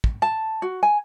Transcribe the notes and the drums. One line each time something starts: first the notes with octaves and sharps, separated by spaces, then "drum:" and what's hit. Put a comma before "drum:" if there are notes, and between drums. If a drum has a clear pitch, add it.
drum: kick
A5
F#4
G#5